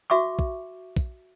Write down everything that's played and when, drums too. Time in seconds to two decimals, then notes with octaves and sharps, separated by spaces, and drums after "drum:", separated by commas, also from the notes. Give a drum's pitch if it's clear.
0.10 F#4 E5 C#6 D6
0.39 drum: kick
0.97 drum: kick, tambourine